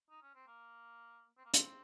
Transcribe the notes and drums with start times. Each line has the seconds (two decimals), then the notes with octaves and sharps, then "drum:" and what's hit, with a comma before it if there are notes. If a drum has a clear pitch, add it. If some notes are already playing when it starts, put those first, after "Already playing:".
0.10 D#4
0.23 C#4
0.35 C4
0.47 A#3
1.38 C4
1.46 A#3
1.54 C4, drum: hi-hat